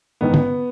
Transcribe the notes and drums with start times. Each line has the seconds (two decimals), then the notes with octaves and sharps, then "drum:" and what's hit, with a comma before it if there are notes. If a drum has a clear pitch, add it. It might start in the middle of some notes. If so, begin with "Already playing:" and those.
0.21 A1 G#2 D#3 G#3 B3
0.34 drum: tom